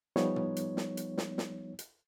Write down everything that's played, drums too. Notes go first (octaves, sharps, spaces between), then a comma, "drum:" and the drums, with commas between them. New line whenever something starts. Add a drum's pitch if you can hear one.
F3 G3 B3 D#4 C#5, drum: snare
drum: tom
drum: hi-hat
drum: snare
drum: hi-hat
drum: snare
drum: snare
drum: hi-hat